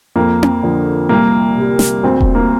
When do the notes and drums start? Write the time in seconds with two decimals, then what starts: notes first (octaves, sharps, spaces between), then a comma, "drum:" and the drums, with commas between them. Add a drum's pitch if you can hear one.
0.16 F2 A#3
0.43 drum: tom C4
0.63 D3 F3
1.09 C2 A#3
1.57 C3 G3
1.79 drum: snare
2.03 D2 C4
2.21 drum: kick E1
2.35 A#3